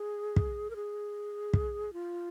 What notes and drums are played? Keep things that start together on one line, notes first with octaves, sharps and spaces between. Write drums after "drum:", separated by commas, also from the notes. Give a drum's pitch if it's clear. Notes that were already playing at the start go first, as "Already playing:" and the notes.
Already playing: G#4
drum: kick
A#4
G#4
drum: kick
F4